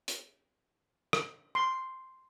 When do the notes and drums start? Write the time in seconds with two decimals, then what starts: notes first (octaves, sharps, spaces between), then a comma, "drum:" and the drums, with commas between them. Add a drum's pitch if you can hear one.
0.08 drum: hi-hat
1.13 drum: rim click
1.55 C6